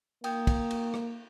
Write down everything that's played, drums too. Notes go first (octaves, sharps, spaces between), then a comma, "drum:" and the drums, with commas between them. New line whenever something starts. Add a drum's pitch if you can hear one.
A#3 G5 D#6 G6, drum: cymbal
drum: kick, cymbal
drum: cymbal
drum: rim click